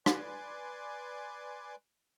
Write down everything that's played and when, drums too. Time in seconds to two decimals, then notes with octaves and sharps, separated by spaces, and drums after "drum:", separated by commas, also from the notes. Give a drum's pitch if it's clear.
0.06 B4 D5 G#5 C6 D6, drum: rim click